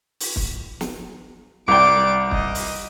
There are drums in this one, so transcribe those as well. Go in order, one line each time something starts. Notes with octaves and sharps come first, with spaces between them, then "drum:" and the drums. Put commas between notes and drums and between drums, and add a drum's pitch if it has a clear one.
drum: open hi-hat
drum: kick
drum: snare
C2 D5 G5 D6 D7
D#5, drum: kick
drum: open hi-hat